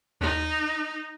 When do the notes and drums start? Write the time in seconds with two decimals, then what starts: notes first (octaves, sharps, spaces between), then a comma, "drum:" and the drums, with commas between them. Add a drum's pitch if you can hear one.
0.21 D#4, drum: tom D#2